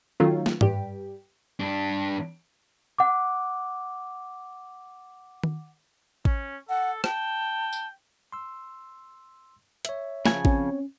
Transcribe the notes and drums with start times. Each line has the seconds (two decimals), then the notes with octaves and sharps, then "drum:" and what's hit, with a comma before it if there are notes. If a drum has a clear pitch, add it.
0.20 D#3 F#3 A3 C#4 F4
0.46 drum: snare
0.61 G2 G4, drum: tom G#2
1.59 G2 D4
2.98 F#5 D6
5.44 drum: tom D#3
6.25 C#4, drum: kick A1
6.69 A4 F#5
7.04 G5 A5, drum: rim click
7.73 drum: tambourine
8.32 C6 E6
9.85 C#5 E5, drum: hi-hat
10.26 C#3 F3 G#5, drum: snare
10.45 C4 C#4 C#5, drum: kick A1